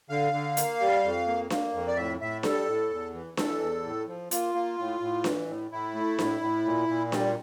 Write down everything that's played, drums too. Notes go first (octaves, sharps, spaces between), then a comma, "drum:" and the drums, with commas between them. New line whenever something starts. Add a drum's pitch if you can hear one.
D3 F5
D3
A#3, drum: hi-hat
G3
F2
A#3
A#3, drum: snare D4
F2
D5
A2 E5
A2 E5
G3 A4, drum: snare D4
A2
E2
E3
E3 A4, drum: snare D4
E2
A2
F3
A#3 F4, drum: hi-hat
A#3
A2
A2
E3, drum: snare D4
A2
A2 E4
A3
A2, drum: snare D4
A2
A#2
A#2
G3, drum: snare D4